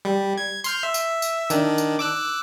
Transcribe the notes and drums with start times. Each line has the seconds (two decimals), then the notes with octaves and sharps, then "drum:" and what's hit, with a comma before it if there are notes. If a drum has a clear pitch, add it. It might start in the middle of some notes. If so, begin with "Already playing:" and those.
0.05 G3
0.38 G#6
0.64 C6 F6 G6, drum: tambourine
0.83 E5
0.94 drum: tambourine
1.22 drum: tambourine
1.50 D#3 D4, drum: tambourine
1.78 drum: tambourine
1.99 D6 E6 F#6